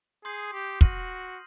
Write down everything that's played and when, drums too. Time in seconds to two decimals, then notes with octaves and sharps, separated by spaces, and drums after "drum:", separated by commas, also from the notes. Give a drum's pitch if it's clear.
0.24 G#4 C6 D#6 G6 C7
0.53 G4
0.81 F#4 F6 A#6 D#7 F#7, drum: kick